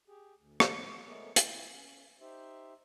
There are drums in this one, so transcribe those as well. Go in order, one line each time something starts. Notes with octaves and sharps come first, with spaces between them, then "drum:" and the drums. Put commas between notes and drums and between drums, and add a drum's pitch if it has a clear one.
G4 G#4
D2
drum: rim click
G#3 A3 B3 G#4 A#4 C#5
E4 G5, drum: hi-hat
C#4
D#4 G4 C5 E5